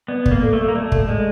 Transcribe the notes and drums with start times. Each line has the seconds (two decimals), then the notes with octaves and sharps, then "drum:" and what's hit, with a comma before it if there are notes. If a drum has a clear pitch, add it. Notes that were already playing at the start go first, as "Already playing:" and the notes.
0.08 B3 D5
0.26 D5, drum: kick
0.31 A#3
0.42 A4
0.53 A3
0.59 A4
0.68 A#3
0.76 A3 D5
0.92 A4, drum: kick
1.08 G#3 D5